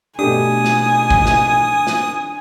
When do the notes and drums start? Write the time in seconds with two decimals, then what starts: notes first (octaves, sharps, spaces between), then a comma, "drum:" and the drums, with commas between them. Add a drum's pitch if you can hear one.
0.19 B2 A3 D4 G4 G#5 D#6
0.65 drum: snare
1.10 drum: kick
1.26 drum: snare
1.87 drum: snare